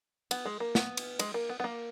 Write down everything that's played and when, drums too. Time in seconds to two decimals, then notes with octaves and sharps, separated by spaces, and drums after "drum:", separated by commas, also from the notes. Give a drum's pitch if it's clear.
0.31 B3, drum: cymbal
0.45 G#3
0.60 A#3
0.75 B3, drum: snare
0.97 drum: cymbal
1.19 G#3, drum: cymbal
1.34 A#3
1.49 B3
1.60 B3
1.64 A#3